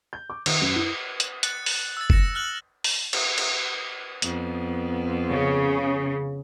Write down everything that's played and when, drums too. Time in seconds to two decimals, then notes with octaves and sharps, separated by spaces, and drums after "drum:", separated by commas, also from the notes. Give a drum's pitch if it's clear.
0.13 G6
0.30 D6
0.46 D#3, drum: cymbal
0.61 F#2
0.76 E4
1.20 drum: hi-hat
1.43 F#6 A6 C#7, drum: hi-hat
1.66 drum: open hi-hat
1.97 E6 A6
2.10 A#6 C#7 E7, drum: kick
2.35 F6 F#6 F#7
2.84 drum: open hi-hat
3.13 drum: cymbal
3.38 drum: cymbal
4.22 F2 B3, drum: hi-hat
5.29 C#3